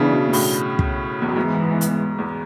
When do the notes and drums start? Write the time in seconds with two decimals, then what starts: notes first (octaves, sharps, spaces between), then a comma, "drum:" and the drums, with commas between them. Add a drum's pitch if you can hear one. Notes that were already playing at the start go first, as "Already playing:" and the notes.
Already playing: C#3 E3 B3 D4
0.12 B2
0.29 B2
0.33 A2, drum: open hi-hat
0.79 drum: kick
1.22 E2
1.29 F#2
1.36 G#2 E3 G#3 B3
1.81 drum: hi-hat
2.19 E2